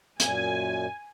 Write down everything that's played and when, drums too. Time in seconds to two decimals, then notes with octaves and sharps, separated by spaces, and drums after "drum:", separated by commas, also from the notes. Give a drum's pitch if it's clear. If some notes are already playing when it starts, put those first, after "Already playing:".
0.20 F#2 A#2 G#5, drum: hi-hat